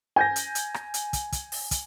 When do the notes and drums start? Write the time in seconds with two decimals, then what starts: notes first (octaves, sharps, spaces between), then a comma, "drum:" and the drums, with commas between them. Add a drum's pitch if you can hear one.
0.16 G#5 G6 A#6
0.36 drum: hi-hat
0.55 drum: hi-hat
0.74 drum: rim click
0.94 drum: hi-hat
1.13 drum: kick, hi-hat
1.32 drum: kick, hi-hat
1.52 drum: open hi-hat
1.71 drum: kick, hi-hat